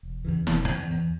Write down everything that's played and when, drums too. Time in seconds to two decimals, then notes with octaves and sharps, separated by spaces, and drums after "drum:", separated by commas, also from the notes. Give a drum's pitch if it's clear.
0.03 E1
0.25 E2 C#3 E3
0.47 E1, drum: snare
0.68 E2 C#3 E3
0.90 E2